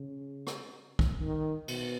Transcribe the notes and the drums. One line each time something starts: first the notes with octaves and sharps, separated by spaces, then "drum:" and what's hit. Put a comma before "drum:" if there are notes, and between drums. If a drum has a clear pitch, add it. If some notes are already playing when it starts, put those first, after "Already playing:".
Already playing: C#3
drum: rim click
drum: kick
D#3
B2, drum: cymbal